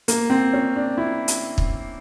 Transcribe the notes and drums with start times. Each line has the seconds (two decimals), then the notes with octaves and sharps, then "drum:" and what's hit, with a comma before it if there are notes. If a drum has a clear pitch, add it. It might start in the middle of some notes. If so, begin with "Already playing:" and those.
0.08 A#3, drum: hi-hat
0.30 C4
0.53 C#4
0.76 D4
0.98 E4
1.28 drum: hi-hat
1.58 drum: kick